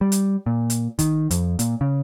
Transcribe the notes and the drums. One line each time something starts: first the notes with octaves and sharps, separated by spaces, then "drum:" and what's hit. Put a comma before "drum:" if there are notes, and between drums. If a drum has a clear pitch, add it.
G3
drum: hi-hat
A#2
drum: hi-hat
D#3, drum: kick, hi-hat
F2, drum: hi-hat
A#2, drum: hi-hat
C#3